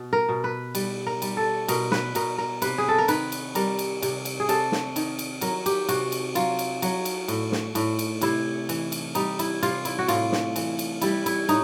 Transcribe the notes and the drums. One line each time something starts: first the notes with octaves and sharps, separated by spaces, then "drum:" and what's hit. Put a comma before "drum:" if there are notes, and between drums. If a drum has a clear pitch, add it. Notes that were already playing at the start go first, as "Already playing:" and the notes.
Already playing: B2
A#4
B2
B4
G3, drum: cymbal
A#4
G3, drum: cymbal
A4
B2 A#4, drum: cymbal
B4, drum: snare
B2 A#4, drum: cymbal
A#4
C3 B4, drum: cymbal
G#4
A4
A#4
D#3 B4, drum: cymbal
drum: cymbal
G3 A#4, drum: cymbal
drum: cymbal
C3, drum: cymbal
drum: cymbal
G#4
C3 A4, drum: cymbal
drum: snare
D#3, drum: cymbal
drum: cymbal
F#3 A#4, drum: cymbal
G4, drum: cymbal
C3 F#4, drum: cymbal
drum: cymbal
F#3 F4, drum: cymbal
drum: cymbal
F#3, drum: cymbal
drum: cymbal
A2, drum: cymbal
drum: snare
A2, drum: cymbal
drum: cymbal
C3 E4, drum: cymbal
E3, drum: cymbal
drum: cymbal
G3 D#4, drum: cymbal
E4, drum: cymbal
C3 F4, drum: cymbal
E4, drum: cymbal
F#4
A2 F4, drum: cymbal
drum: snare
E3, drum: cymbal
drum: cymbal
G3 E4, drum: cymbal
E4, drum: cymbal
A2 D#4, drum: cymbal